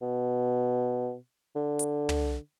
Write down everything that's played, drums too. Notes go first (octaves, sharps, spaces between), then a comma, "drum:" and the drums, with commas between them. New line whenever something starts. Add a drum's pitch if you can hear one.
B2
D3
drum: hi-hat
drum: tom